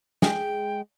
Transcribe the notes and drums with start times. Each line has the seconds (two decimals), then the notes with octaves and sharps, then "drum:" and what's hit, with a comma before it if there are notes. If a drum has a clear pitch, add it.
0.22 G#3 G5, drum: snare